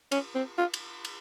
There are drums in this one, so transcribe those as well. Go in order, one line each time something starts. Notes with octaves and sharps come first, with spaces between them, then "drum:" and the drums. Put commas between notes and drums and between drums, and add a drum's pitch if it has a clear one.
C#4, drum: cymbal
C4
F4
drum: cymbal
drum: cymbal